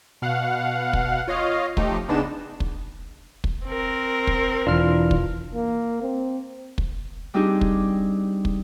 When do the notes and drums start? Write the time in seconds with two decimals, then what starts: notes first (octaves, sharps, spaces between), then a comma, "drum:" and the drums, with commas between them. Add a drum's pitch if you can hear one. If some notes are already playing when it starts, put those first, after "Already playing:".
0.22 B2 F5 F#5
0.93 drum: kick
1.27 F4 C#5 D#5 F5
1.77 F3 A3 D#4 G4, drum: kick
2.08 C#2 G#3 B3 D4 D#4 E7
2.60 drum: kick
3.44 drum: kick
3.65 C4 A#4
4.27 drum: kick
4.67 E1 E3 D4 F4 F6
5.11 drum: kick
5.54 A#3
6.02 C4
6.78 drum: kick
7.34 G3 C4 D4 D#4 G4 G#4
7.61 drum: kick
8.45 drum: kick